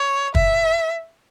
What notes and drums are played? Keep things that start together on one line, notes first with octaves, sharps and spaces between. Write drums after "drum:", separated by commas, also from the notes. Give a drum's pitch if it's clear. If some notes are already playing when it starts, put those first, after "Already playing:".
Already playing: C#5
E5, drum: kick